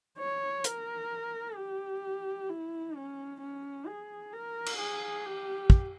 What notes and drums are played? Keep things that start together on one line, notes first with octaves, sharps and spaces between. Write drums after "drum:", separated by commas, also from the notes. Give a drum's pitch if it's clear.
C#5
A#4, drum: hi-hat
G4
E4
C#4
C#4
G#4
A#4
drum: cymbal
G#4
G4
drum: kick